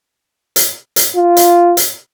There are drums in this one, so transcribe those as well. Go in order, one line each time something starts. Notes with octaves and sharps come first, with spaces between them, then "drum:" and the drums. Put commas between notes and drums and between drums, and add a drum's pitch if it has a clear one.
drum: hi-hat
drum: hi-hat
F4
drum: hi-hat
drum: hi-hat